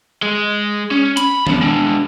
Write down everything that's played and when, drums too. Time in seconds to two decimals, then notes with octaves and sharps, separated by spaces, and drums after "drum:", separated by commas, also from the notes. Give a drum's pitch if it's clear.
0.22 G#3
0.91 C#4
1.17 B5, drum: hi-hat
1.47 F3 B3, drum: tom D#3
1.61 G#3 D4